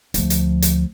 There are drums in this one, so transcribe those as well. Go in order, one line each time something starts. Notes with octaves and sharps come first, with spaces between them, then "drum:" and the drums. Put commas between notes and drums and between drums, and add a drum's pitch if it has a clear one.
D2 F3, drum: hi-hat
drum: hi-hat
drum: hi-hat